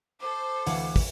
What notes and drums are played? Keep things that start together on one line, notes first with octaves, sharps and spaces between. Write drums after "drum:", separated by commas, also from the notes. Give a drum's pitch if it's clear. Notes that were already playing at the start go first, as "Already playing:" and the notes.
A4 C5 D6
D2 E3 B4 F5 F#5, drum: open hi-hat
drum: kick, open hi-hat